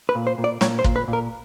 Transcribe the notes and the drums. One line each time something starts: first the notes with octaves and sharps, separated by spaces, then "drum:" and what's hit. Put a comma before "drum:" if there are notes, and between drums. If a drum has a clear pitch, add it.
B4
A#2
C5
A#2
D5
A#2 C#5, drum: snare
C5
A#2, drum: kick
B4
A#2
A#4